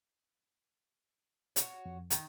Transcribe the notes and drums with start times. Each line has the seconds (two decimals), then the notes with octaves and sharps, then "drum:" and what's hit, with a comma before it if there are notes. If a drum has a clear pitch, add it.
1.56 F#4 C#5, drum: hi-hat
1.86 F2
2.10 D#3, drum: hi-hat